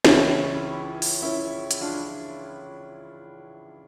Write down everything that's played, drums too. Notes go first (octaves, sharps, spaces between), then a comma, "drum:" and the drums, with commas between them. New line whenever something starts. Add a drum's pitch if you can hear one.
C#2 C#3 E3 C#4 E4, drum: snare
drum: open hi-hat
C#4 E4
drum: hi-hat
D4 F4